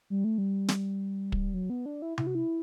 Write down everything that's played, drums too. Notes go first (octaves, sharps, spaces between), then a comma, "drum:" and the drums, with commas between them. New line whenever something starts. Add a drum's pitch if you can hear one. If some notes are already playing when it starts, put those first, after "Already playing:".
G3
A3
G3
drum: snare
drum: kick
F#3
B3
D4
E4
E4, drum: tom C3
F#4
E4